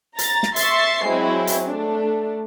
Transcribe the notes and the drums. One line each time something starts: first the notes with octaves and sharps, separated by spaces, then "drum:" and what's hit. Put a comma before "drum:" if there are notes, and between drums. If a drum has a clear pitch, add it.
A#5 A6, drum: hi-hat
drum: snare
E5 C6 C#6 A6 C7, drum: hi-hat
F#3 G#3 C4 E4
drum: hi-hat
A3 D4